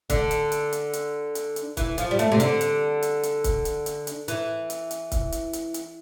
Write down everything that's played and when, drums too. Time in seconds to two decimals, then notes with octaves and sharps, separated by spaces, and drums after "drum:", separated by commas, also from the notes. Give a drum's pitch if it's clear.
0.10 D3, drum: kick C#1, hi-hat
0.31 drum: hi-hat
0.52 drum: hi-hat
0.73 drum: hi-hat
0.93 drum: hi-hat
1.35 drum: hi-hat
1.56 drum: hi-hat
1.77 E3, drum: kick C#1, hi-hat
1.98 F3, drum: hi-hat
2.11 G3
2.19 A3, drum: hi-hat
2.32 C3
2.40 D3, drum: hi-hat
2.61 drum: hi-hat
3.02 drum: hi-hat
3.23 drum: hi-hat
3.44 drum: kick C#1, hi-hat
3.65 drum: hi-hat
3.86 drum: hi-hat
4.07 drum: hi-hat
4.28 E3, drum: hi-hat
4.70 drum: hi-hat
4.91 drum: hi-hat
5.12 drum: kick C#1, hi-hat
5.32 drum: hi-hat
5.53 drum: hi-hat
5.74 drum: hi-hat